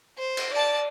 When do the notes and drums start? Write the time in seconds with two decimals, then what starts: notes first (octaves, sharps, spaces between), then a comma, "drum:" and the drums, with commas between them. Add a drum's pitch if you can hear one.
0.18 C5
0.37 drum: cymbal
0.54 D5 A5